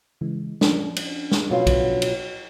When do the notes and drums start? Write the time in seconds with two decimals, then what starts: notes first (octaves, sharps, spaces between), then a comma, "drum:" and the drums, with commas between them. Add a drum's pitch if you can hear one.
0.21 C#3 E3 G#3
0.61 F3 C#4 D4, drum: snare
0.96 drum: cymbal
1.32 drum: snare
1.50 B2 F#3 F4
1.67 drum: kick B1, cymbal
2.02 drum: cymbal